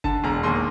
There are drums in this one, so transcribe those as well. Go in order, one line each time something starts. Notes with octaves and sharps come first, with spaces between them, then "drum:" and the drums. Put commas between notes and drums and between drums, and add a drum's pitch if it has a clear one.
D3 A5, drum: kick F#1
E1 A#5
D#2 C6